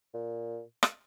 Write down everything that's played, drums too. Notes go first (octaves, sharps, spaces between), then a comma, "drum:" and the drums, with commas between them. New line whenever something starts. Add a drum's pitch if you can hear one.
A#2
drum: rim click